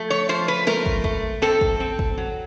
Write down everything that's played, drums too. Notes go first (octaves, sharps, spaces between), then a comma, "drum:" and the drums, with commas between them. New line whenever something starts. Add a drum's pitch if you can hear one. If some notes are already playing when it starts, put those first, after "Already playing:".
Already playing: F3 A3
C#5
F3 C5
B4
A3 A#4, drum: snare
drum: kick
A3, drum: kick
C4 A4
drum: kick
C4
drum: kick
F#3